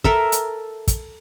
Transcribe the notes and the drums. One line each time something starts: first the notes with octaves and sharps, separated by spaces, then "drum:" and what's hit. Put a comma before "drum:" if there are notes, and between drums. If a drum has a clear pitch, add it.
A4 A#4 E5, drum: kick
drum: hi-hat
drum: kick, hi-hat